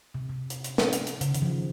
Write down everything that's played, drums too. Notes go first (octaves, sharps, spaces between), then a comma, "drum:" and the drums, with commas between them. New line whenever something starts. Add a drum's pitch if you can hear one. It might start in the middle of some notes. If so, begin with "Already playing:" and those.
C3
C3
drum: hi-hat
drum: hi-hat
drum: snare
drum: hi-hat
drum: hi-hat
C#3, drum: hi-hat
D#3, drum: hi-hat
F3